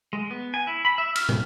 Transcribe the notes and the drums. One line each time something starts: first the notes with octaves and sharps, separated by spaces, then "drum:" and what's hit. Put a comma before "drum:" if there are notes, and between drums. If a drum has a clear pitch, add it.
G#3
B3
G#5
E4
B5
E5
F6, drum: cymbal
drum: tom